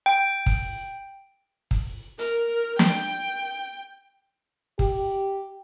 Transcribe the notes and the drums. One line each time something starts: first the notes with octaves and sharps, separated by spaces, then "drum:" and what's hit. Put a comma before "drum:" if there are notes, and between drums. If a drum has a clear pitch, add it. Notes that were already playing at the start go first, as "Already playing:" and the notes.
G5
drum: kick
drum: kick
A#4, drum: hi-hat
G5, drum: snare
G4, drum: kick